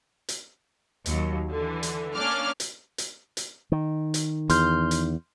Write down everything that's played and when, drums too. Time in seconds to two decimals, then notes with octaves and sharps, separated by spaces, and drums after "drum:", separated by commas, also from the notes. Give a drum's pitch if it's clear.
0.29 drum: hi-hat
1.06 D#2 F#3, drum: hi-hat
1.51 D3 E3
1.83 drum: hi-hat
2.15 A#3 C#4 D4 D6 F6
2.60 drum: hi-hat
2.98 drum: hi-hat
3.37 drum: hi-hat
3.72 D#3
4.14 drum: hi-hat
4.50 E2 C6 F6 G6, drum: hi-hat
4.91 drum: hi-hat